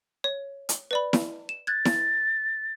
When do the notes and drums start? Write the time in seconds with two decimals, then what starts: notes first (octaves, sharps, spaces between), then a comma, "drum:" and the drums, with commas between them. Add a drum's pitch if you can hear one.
0.24 C#5
0.69 drum: hi-hat
0.91 B4 D5 B5
1.13 drum: snare E4
1.49 E7
1.67 F#6 G#6 A6
1.85 drum: snare E4